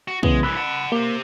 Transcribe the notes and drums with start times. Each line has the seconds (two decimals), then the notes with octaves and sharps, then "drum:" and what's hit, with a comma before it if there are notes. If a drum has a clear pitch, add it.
0.08 F#4
0.23 C#3 E3 G#3 B3, drum: kick
0.43 C2 E3 B5 E6 F#6
0.57 F#5 A5
0.92 A#3 G4 C5